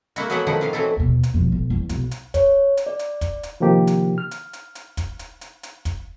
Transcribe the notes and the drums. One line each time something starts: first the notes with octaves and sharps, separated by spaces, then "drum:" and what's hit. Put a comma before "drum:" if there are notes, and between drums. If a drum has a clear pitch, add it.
A#3 E4 F#4, drum: hi-hat
E3 F#3 A3 B3 E4 F#5
D#3 F3 A3 E4 F#5
D#3 E3 F5
E3 F#3 C4 E4 A4
D#2 B2
drum: hi-hat
E1 F3
B1
E2
B1, drum: hi-hat
drum: hi-hat
C#5, drum: kick, hi-hat
drum: hi-hat
D5
drum: hi-hat
drum: kick, hi-hat
drum: hi-hat
C3 D#3 F3 A#3 G4
drum: hi-hat
F6
drum: hi-hat
drum: hi-hat
drum: hi-hat
drum: kick, hi-hat
drum: hi-hat
drum: hi-hat
drum: hi-hat
drum: kick, hi-hat